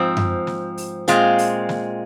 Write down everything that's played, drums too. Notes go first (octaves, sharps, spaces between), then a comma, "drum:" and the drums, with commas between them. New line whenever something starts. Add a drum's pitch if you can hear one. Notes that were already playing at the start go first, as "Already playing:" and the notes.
Already playing: G#2 F3 C4
drum: tom F#2
drum: snare
drum: open hi-hat
A#2 G#3 C4 F4, drum: hi-hat
drum: open hi-hat
drum: snare